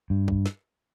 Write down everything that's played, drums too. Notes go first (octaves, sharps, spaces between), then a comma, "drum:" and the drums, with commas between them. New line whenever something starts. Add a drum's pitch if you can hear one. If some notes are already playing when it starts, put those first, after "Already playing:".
G2
drum: kick
drum: snare